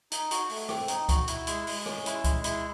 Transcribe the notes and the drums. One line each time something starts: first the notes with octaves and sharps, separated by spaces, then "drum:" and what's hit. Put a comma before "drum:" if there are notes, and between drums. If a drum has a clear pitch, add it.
D#4, drum: hi-hat
F#4, drum: hi-hat
A3, drum: open hi-hat
C4, drum: rim click
D#4, drum: hi-hat
F#4, drum: kick C#2, hi-hat
E4, drum: hi-hat
G#3, drum: hi-hat
G#3, drum: open hi-hat
C#4, drum: rim click
E4, drum: hi-hat
G#3, drum: kick C#2, hi-hat
E4, drum: hi-hat